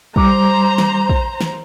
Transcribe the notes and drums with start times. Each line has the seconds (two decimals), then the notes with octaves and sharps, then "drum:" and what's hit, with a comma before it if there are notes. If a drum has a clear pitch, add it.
0.16 G3 C5 A#5 D6, drum: kick
0.78 drum: snare
1.09 drum: kick
1.41 drum: snare